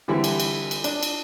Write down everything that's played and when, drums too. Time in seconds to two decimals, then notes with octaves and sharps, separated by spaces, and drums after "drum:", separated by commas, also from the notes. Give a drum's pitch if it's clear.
0.08 D3 E3 G3 C4 E4
0.24 drum: cymbal
0.40 drum: cymbal
0.71 drum: cymbal
0.84 D4, drum: cymbal
1.03 drum: cymbal